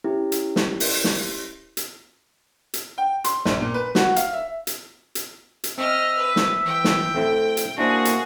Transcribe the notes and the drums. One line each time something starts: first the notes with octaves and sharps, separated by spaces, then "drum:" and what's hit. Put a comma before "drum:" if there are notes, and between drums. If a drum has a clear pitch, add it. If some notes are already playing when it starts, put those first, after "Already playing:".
C#4 E4 G4
drum: hi-hat
drum: snare
drum: open hi-hat
drum: snare
drum: hi-hat
drum: hi-hat
G5
C6, drum: hi-hat
A#1, drum: snare
A#2
B4
F#4, drum: snare
F5, drum: hi-hat
E5
drum: hi-hat
drum: hi-hat
drum: hi-hat
C4 D#5 E5 F6
B4
drum: snare
E3 G5
drum: snare
A3 C4 E4 A4
drum: hi-hat
A#3 D4 E4 F#4 G#4 C5
drum: hi-hat